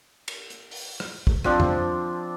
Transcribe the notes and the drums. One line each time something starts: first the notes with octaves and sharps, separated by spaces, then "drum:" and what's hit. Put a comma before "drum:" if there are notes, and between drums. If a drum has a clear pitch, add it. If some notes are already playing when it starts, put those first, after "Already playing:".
drum: cymbal
drum: hi-hat
drum: open hi-hat
drum: rim click
drum: kick
F3 C4 D4, drum: rim click
drum: tom E2